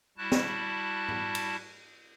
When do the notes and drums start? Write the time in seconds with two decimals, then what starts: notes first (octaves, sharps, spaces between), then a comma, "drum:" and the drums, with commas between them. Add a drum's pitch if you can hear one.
0.18 G3 E4 F#4 A5 F#6
0.32 drum: snare
1.08 drum: tom G#2
1.35 drum: cymbal